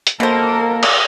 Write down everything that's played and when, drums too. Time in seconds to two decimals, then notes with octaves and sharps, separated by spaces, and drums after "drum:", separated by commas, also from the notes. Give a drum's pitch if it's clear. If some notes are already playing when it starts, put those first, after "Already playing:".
0.07 drum: hi-hat
0.20 B2 A#3 A4 A#4 C5
0.83 drum: cymbal